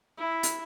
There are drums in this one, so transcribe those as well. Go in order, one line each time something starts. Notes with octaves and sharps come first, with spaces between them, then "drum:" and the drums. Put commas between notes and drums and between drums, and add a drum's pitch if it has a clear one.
E4
drum: hi-hat